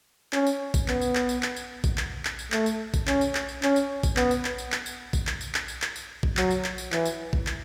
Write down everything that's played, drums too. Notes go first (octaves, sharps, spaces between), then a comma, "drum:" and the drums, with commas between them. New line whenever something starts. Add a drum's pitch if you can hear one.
C#4, drum: clap
drum: tambourine
drum: kick A#1, tambourine
B3, drum: clap
drum: tambourine
drum: clap
drum: tambourine
drum: clap
drum: tambourine
drum: kick A#1, tambourine
drum: clap
drum: clap
drum: tambourine
A3, drum: clap
drum: tambourine
drum: kick A#1, tambourine
C#4, drum: clap
drum: tambourine
drum: clap
drum: tambourine
C#4, drum: clap
drum: tambourine
drum: kick A#1, tambourine
B3, drum: clap
drum: tambourine
drum: clap
drum: tambourine
drum: clap
drum: tambourine
drum: kick A#1, tambourine
drum: clap
drum: tambourine
drum: clap
drum: tambourine
drum: clap
drum: tambourine
drum: kick A#1
F#3, drum: clap
drum: tambourine
drum: clap
drum: tambourine
E3, drum: clap
drum: tambourine
drum: kick A#1
drum: clap